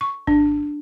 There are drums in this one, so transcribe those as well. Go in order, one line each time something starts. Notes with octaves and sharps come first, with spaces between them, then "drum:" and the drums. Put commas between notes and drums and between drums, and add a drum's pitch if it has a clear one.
C#6
D4, drum: kick G#1